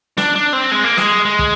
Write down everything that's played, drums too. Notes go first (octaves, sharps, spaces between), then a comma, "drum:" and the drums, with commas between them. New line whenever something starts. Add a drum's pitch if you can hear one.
D4, drum: snare
D4
C4
G#3
A#3
G#3, drum: snare
G#3
drum: kick